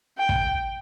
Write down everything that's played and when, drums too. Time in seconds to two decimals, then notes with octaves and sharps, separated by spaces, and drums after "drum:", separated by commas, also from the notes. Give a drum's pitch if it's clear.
0.18 G5
0.29 drum: kick